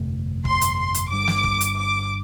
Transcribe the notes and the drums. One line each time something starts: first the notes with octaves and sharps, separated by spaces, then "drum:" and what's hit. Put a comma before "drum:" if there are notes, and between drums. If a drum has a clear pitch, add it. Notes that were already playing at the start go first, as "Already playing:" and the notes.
Already playing: G1 F2 C3 A3
C6, drum: kick
drum: hi-hat
C6
drum: hi-hat
G1 G2 G3 D6
drum: snare
drum: kick
drum: hi-hat
D6